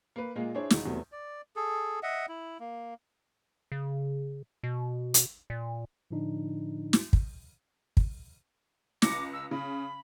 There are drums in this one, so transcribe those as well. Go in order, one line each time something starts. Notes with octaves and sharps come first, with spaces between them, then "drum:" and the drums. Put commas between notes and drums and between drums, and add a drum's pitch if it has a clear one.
A#3 B4
A#2 G#3 A#3 F4
D4 E4 G#4 C5 C#5
E1 D#3, drum: snare
E2 C3 F#3 A3 B3
D5
G#4 A4
D#5 E5 F#5
E4
A#3
C#3
B2
drum: hi-hat
A#2
A2 D3 F3 D4 D#4
drum: snare
drum: kick
drum: kick
C#2 D6 A#6 C#7, drum: snare
E6
C#3 B5